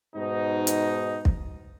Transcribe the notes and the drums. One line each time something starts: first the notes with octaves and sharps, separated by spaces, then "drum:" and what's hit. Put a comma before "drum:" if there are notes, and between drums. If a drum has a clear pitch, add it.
G#2 B2 D#4
drum: hi-hat
drum: kick